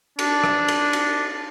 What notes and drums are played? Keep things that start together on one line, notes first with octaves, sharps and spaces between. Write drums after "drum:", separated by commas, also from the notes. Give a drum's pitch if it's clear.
D4, drum: cymbal
drum: rim click
drum: cymbal
drum: cymbal